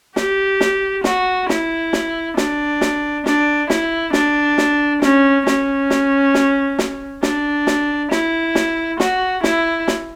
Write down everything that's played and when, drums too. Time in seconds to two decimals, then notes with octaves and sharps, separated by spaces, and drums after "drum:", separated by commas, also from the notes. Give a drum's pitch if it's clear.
0.16 G4, drum: snare
0.60 drum: snare
1.04 F#4, drum: snare
1.49 E4, drum: snare
1.93 drum: snare
2.37 D4, drum: snare
2.81 drum: snare
3.26 D4, drum: snare
3.70 E4, drum: snare
4.13 D4, drum: snare
4.58 drum: snare
5.02 C#4, drum: snare
5.47 C#4, drum: snare
5.90 drum: snare
6.34 drum: snare
6.79 drum: snare
7.23 D4, drum: snare
7.67 drum: snare
8.11 E4, drum: snare
8.55 drum: snare
9.00 F#4, drum: snare
9.44 E4, drum: snare
9.88 drum: snare